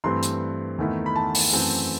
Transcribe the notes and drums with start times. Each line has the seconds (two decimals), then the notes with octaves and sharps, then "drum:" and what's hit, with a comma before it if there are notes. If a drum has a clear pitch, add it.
0.04 G2 E3 A3 C4 C6
0.23 drum: hi-hat
0.78 E2 D#3 A3 E4
1.06 B5
1.16 A5
1.35 drum: open hi-hat
1.53 F#2 E3 A3 C4